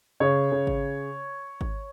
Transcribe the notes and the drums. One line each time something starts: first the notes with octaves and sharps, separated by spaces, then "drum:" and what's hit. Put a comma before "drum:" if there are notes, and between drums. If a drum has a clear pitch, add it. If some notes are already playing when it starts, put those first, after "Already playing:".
C#3 C#5
C#3
drum: kick G#1
drum: kick G#1